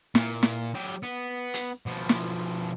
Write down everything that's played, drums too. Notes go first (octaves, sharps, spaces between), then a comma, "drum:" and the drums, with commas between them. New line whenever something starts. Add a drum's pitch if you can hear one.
A#2, drum: snare
drum: snare
F#3 G4
B3
drum: hi-hat
B2 F3
drum: snare